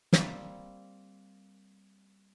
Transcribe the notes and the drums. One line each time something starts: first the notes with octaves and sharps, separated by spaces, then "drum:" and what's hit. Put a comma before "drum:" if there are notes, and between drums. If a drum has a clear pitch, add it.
G3 A#3 C4, drum: snare